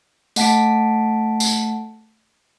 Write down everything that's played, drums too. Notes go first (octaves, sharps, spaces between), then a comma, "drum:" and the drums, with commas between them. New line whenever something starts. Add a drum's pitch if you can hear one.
A3 F#5 A5 B6 D7, drum: tambourine
drum: tambourine